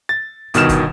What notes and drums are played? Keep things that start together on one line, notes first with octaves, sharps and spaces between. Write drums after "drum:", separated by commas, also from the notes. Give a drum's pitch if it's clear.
A6
G1 B2 D#3 F6 E7, drum: hi-hat
drum: kick, hi-hat